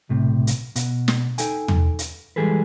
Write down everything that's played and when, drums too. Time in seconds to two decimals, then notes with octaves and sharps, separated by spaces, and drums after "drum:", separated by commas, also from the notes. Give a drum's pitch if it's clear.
0.09 B1 A2 C3
0.47 drum: hi-hat
0.76 B2, drum: hi-hat
1.08 drum: snare
1.38 D#4 A4 G5 G#5, drum: hi-hat
1.68 drum: tom
1.99 drum: hi-hat
2.36 E3 G3 G#3 G#4 A4 B4